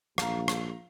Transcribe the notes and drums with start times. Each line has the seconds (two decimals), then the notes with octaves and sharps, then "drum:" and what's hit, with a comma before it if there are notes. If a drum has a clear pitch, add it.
0.18 A#1 F5 A#5, drum: rim click
0.48 drum: rim click